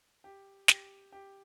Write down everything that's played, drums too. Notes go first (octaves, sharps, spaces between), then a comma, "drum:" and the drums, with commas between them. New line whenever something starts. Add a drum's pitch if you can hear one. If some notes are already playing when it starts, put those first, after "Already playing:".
G4
G4, drum: snare
G4